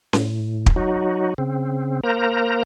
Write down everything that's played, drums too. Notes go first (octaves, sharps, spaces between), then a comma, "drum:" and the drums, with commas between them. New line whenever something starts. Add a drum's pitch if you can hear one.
A2, drum: snare C#4
drum: kick
F#3 D#4 F#4
C#3 C4
A#3 A#4 C5 A#5